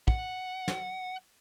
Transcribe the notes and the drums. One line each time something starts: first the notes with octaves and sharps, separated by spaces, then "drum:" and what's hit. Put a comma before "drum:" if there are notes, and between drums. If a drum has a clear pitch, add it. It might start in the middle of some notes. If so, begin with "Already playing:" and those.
F#5, drum: kick
drum: snare